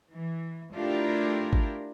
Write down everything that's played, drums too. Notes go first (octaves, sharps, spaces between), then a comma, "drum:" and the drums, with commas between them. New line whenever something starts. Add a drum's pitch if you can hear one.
E3
A3 D4 E4 F4 G4 A#4
drum: kick